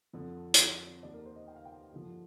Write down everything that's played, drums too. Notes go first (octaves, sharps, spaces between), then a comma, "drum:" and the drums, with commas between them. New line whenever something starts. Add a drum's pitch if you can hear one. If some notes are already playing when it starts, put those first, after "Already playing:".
F2 D3 F3
drum: hi-hat
D#2 D#3 D5
A#4
C5
D#5
G5
F5
G5
G2 D3 F3